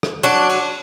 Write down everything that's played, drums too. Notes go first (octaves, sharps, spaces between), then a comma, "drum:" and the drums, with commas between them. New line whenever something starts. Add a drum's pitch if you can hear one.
drum: rim click
F#3 D4
drum: cymbal